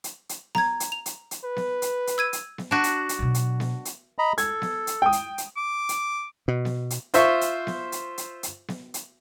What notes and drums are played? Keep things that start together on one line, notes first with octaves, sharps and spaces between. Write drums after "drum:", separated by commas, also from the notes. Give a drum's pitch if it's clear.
drum: hi-hat
drum: hi-hat
A#5 G#6, drum: snare B3
drum: hi-hat
F7
drum: hi-hat
drum: hi-hat
B4
drum: snare B3
drum: hi-hat
drum: hi-hat
E6 G#6 D#7
drum: hi-hat
drum: snare B3
D4 F#4
drum: hi-hat
drum: hi-hat
B2 F#3
drum: hi-hat
drum: snare B3
drum: hi-hat
D#5 A#5 B5
A4 G#6, drum: hi-hat
drum: snare B3
drum: hi-hat
G5 D#6
drum: hi-hat
drum: hi-hat
D6
drum: hi-hat
B2
drum: snare B3
drum: hi-hat
F4 C5 E5 C6 C#6, drum: hi-hat
drum: hi-hat
drum: snare B3
drum: hi-hat
drum: hi-hat
drum: hi-hat
drum: snare B3
drum: hi-hat